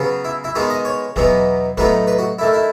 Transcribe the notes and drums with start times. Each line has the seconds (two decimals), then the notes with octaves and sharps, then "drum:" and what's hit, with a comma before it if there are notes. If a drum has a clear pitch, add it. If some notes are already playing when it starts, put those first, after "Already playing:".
Already playing: C#3 F#3 B3
0.25 E4
0.44 E4
0.55 D#3 G#3 B3 D#4 F#4
0.70 D#5
0.85 C#5
1.16 E2 B2 F#3 B3 D#4, drum: kick
1.77 A2 F#3 B3 D#4 B4, drum: kick
2.07 B4
2.19 F#4
2.39 D#3 A3 E4
2.53 E4